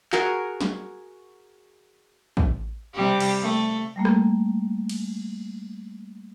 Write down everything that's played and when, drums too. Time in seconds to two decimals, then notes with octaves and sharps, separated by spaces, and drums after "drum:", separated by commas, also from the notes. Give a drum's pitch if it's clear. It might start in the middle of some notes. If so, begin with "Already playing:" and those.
0.13 F#4 G#4 A#4, drum: clap
0.61 drum: snare
2.37 drum: kick
2.94 C3 G3 G4
3.20 drum: cymbal
3.42 A3
3.96 G3 A3 A#3
4.05 drum: rim click
4.89 drum: cymbal